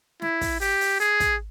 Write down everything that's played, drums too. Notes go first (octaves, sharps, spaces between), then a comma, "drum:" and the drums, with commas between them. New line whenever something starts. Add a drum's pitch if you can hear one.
E4, drum: snare
drum: kick, open hi-hat
G4, drum: open hi-hat
drum: open hi-hat
G#4, drum: hi-hat
drum: kick, hi-hat